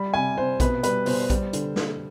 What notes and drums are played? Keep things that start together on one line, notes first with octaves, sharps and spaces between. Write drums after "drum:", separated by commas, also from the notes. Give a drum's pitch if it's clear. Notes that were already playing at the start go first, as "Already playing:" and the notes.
Already playing: G3 B5
C3 G#5
C3 C5
B2 B4, drum: kick A#1, hi-hat
G3 B4, drum: hi-hat
B2 C5, drum: open hi-hat
G3, drum: kick A#1, hi-hat
D3, drum: hi-hat
D3, drum: snare